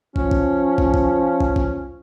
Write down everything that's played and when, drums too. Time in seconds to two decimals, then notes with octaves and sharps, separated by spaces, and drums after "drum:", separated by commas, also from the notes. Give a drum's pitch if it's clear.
0.16 F3 C#4, drum: kick
0.31 drum: kick
0.78 drum: kick
0.94 drum: kick
1.40 drum: kick
1.56 drum: kick